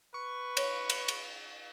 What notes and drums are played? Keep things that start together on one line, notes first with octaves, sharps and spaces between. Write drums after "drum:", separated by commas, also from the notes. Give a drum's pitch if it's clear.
B4 C#6
C5 C#5, drum: cymbal
drum: cymbal
drum: cymbal